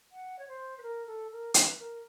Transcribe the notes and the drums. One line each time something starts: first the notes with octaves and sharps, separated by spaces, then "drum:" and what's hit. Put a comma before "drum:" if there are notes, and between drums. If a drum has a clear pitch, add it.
F#5
C#5
C5
B4
A#4
A4
A#4
B4, drum: hi-hat
A#4